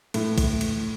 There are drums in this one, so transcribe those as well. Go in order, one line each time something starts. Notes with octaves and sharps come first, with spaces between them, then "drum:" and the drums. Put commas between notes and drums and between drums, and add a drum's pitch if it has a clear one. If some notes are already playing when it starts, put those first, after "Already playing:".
A2, drum: cymbal
drum: kick, cymbal
drum: cymbal